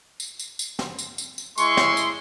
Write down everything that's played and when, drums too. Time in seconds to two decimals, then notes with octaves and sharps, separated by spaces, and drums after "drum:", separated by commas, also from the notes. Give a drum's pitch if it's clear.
0.20 drum: tambourine
0.39 drum: tambourine
0.59 drum: tambourine
0.79 drum: snare
0.99 drum: tambourine
1.18 drum: tambourine
1.38 drum: tambourine
1.58 G#3 E4 C6 C#6, drum: tambourine
1.77 drum: snare
1.97 drum: tambourine